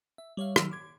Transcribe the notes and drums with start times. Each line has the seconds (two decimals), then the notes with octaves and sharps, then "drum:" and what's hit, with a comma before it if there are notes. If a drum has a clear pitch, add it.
0.18 E5
0.37 G3 C#5 E5 F5
0.56 D#3 F#3 E6 F6, drum: rim click
0.71 D6 G#6